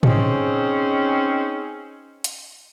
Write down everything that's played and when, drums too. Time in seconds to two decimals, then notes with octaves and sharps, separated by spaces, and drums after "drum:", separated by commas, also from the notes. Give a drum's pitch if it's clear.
0.03 C4 C#4 D#4 G#4, drum: tom
2.24 drum: hi-hat